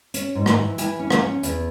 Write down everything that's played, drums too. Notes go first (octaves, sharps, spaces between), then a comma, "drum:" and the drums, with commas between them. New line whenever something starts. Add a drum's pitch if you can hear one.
C#4, drum: hi-hat
G#2
drum: rim click
E3
E3 G#5, drum: hi-hat
C#4
drum: rim click
C#4
E2, drum: hi-hat